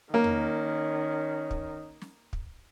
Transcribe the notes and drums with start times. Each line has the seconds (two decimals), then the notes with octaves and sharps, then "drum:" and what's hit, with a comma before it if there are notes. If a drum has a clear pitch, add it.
0.14 D#3 A#3 C#4
0.24 drum: tom E2
1.51 drum: kick
2.02 drum: snare
2.33 drum: kick